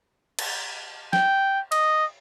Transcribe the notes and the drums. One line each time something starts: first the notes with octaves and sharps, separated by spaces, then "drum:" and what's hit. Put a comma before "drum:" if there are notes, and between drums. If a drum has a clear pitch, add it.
drum: cymbal
G5, drum: snare
D#5, drum: cymbal